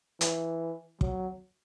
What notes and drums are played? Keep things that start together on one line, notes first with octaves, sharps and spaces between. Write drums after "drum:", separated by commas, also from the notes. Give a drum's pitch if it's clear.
E3, drum: hi-hat
F#3, drum: kick